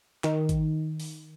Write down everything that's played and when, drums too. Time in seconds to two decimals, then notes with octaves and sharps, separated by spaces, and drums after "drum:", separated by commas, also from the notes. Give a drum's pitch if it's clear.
0.24 D#3, drum: clap
0.49 drum: kick, hi-hat
1.00 drum: open hi-hat